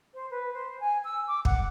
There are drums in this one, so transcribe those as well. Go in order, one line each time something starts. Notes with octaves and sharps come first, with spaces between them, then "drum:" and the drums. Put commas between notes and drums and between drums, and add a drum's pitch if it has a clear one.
C5
B4
C5
G#5
E6
D6
F#5, drum: kick